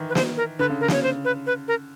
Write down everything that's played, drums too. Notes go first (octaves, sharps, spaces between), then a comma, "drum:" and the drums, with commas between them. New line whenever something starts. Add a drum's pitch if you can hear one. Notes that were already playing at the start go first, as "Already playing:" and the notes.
Already playing: D#3 E3
B4
C5, drum: snare
A#4
D3 B4
C#3
A#4
C#3 C#5, drum: snare
C5
B4
B4
A#4